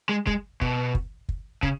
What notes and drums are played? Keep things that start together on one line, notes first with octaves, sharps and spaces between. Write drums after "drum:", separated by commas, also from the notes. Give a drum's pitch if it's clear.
G#3
G#3, drum: kick
B2, drum: kick
drum: kick
drum: kick
C#3, drum: kick